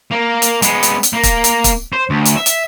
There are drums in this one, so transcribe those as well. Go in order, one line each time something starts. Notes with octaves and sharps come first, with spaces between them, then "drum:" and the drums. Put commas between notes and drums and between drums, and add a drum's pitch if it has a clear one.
A#3
drum: hi-hat
G#3 B3, drum: hi-hat
drum: hi-hat
drum: hi-hat
A#3
drum: kick, hi-hat
drum: hi-hat
drum: kick, hi-hat
C5
D2
drum: hi-hat
E5
drum: hi-hat